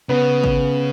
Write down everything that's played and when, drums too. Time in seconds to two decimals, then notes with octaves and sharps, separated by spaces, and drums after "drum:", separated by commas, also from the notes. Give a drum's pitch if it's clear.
0.09 C#3 B3
0.44 drum: kick G#1